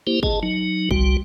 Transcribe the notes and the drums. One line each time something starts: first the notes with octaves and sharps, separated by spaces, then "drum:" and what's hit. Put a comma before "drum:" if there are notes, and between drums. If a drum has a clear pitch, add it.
A#3 E4 G4 C5
G#4 D#5 A5, drum: kick
F#3 D#4
C2 G3 F#4, drum: kick